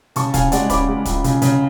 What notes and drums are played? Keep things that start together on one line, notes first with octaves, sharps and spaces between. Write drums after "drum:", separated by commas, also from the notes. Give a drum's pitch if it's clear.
C#3 A5 C#6, drum: hi-hat
C#3 F5 G#5, drum: kick, hi-hat
G#3 D5 F#5, drum: hi-hat
C#4 B5 D6, drum: kick, hi-hat
G#3
C#2, drum: kick, hi-hat
C#3, drum: hi-hat
C#3, drum: hi-hat